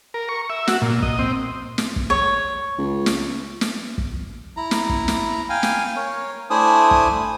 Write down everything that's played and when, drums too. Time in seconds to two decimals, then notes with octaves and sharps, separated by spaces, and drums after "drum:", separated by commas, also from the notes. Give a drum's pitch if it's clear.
0.14 A#4
0.29 C#6
0.50 E5
0.67 F#4, drum: snare
0.82 A#2
1.02 D#5, drum: kick
1.19 C4
1.78 drum: snare
1.96 drum: kick
2.10 C#5
2.78 C#2
3.06 drum: snare
3.61 drum: snare
3.98 drum: kick
4.57 E4 A#5
4.71 drum: snare
4.89 drum: kick
5.08 drum: snare
5.49 F5 G5 G#5
5.63 drum: snare
5.96 A#4 C#5
6.50 A3 D4 E4 C5 G#5 D#6
6.91 drum: kick